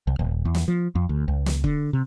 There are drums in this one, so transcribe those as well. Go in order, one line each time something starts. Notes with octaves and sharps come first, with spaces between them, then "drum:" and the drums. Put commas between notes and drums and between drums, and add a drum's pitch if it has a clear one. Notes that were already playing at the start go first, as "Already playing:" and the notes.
C2
D#1
E2
drum: snare
F3
F2
D2
C#2
drum: snare
D3, drum: kick
C3